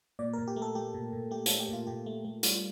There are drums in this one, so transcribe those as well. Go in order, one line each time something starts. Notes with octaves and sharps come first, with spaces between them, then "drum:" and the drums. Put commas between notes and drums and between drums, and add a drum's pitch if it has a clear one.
A#2 D5
A#4
A#2
G4
A3
A4
A3 G4
A#2
A#2
A3 G4
A4, drum: hi-hat
A3
G4
A#2 F4
A#2 G4
A3
A3
G3 F4, drum: hi-hat